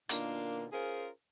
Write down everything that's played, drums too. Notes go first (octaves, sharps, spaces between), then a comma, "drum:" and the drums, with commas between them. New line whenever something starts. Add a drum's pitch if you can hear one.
B2 D#3 A#3 D4 F4, drum: hi-hat
C#4 F4 G#4 A#4 C5